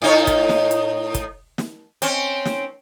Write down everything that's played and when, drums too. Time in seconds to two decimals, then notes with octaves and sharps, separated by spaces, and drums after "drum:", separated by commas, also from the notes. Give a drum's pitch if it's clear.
0.02 A2 D#4 C#5
0.27 drum: kick, hi-hat
0.49 drum: snare
0.71 drum: hi-hat
1.14 drum: kick, hi-hat
1.58 drum: snare
2.02 C4 C#4, drum: hi-hat
2.45 drum: snare